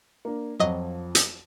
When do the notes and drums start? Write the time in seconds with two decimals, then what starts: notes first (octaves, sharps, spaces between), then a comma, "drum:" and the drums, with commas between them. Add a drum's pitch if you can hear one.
0.25 A#3 D4
0.60 F2 F3 F#3 D#5
1.15 drum: hi-hat